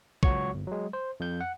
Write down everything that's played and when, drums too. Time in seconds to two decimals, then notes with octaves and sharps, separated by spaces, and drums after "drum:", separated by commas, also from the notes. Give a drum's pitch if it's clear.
0.23 C#2 F#3 F#4 C#5 C#6, drum: kick
0.54 G1
0.67 F#3 G#3
0.93 C5
1.20 F2 G6
1.41 F#5